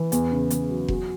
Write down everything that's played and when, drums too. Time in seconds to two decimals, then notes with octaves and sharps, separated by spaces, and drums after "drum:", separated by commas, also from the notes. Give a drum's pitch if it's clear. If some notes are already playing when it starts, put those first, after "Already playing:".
Already playing: E3
0.12 E2, drum: hi-hat
0.31 C#3
0.50 E2, drum: hi-hat
0.69 F#3
0.88 F#4, drum: kick F1